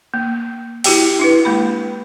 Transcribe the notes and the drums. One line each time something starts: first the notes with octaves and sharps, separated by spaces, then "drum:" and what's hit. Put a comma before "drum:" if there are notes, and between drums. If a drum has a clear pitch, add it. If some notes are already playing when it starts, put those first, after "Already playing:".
A#3
E4 F#4 G4 G5, drum: open hi-hat
D4 E4 B4
G#3 A#3 B5